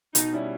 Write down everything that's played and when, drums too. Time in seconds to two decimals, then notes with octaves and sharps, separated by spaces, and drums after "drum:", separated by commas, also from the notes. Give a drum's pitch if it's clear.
0.15 B2 D#4, drum: hi-hat
0.33 G3 C#4 E4